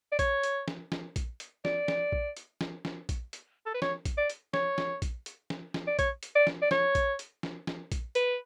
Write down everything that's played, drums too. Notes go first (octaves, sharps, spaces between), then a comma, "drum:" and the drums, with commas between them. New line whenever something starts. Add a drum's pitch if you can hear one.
D5
C#5, drum: kick A#1, hi-hat
drum: hi-hat
drum: snare
drum: snare
drum: kick A#1, hi-hat
drum: hi-hat
D5, drum: snare
drum: snare
drum: kick A#1
drum: hi-hat
drum: snare
drum: snare
drum: kick A#1, hi-hat
drum: hi-hat
A4
B4
C#5, drum: snare
drum: kick A#1, hi-hat
D5
drum: hi-hat
C#5, drum: snare
drum: snare
drum: kick A#1, hi-hat
drum: hi-hat
drum: snare
drum: snare
D5
C#5, drum: kick A#1, hi-hat
drum: hi-hat
D5
drum: snare
D5
C#5, drum: snare
drum: kick A#1, hi-hat
drum: hi-hat
drum: snare
drum: snare
drum: kick A#1, hi-hat
B4, drum: hi-hat